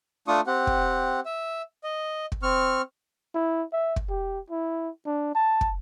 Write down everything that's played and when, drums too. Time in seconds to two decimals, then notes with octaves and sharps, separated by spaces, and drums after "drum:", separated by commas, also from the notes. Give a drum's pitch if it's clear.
0.28 A3 D4 F4 C#6 D#6
0.47 C4 G4 F#5
0.67 drum: kick
1.25 E5
1.84 D#5
2.32 drum: kick
2.43 C4 C#6 F6
3.35 E4
3.73 E5
3.96 drum: kick
4.10 G4
4.50 E4
5.06 D4
5.35 A5
5.61 drum: kick